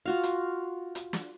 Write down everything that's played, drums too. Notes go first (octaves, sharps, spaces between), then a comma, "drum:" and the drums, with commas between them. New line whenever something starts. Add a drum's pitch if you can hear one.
F4 F#4 F5
drum: hi-hat
drum: hi-hat
drum: snare